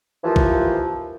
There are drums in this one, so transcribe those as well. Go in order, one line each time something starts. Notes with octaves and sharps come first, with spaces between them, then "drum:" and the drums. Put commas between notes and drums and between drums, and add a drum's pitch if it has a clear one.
D#2 E3 F3
drum: kick A1